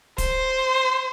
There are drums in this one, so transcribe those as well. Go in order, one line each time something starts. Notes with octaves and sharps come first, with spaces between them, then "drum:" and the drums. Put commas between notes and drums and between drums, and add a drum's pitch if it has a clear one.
C5, drum: kick D1, hi-hat